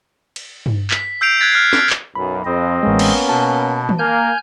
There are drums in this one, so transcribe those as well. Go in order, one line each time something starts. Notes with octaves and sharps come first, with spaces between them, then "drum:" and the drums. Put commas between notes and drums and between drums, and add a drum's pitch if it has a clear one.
drum: cymbal
drum: tom G2
B6, drum: clap
E6 G6 C7 D7 F7
F#6 G#6 A6 B6
F6 F#6 C7
A6 B6 D7, drum: snare
drum: clap
B1 F#2 B5
F2 C4 D#5
A1 G#3 A#3 B3 C#4
drum: cymbal
B2 A5
drum: tom
A#3 G#5 F6 G6